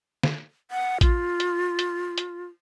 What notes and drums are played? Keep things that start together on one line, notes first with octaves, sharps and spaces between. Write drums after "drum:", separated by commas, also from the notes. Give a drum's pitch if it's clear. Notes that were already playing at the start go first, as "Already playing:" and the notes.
drum: snare
F#5
F4, drum: kick A1, hi-hat
drum: hi-hat
drum: hi-hat
drum: hi-hat